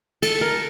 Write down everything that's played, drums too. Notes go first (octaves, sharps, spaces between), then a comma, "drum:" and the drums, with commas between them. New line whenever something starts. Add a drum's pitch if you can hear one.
A4, drum: cymbal
A#4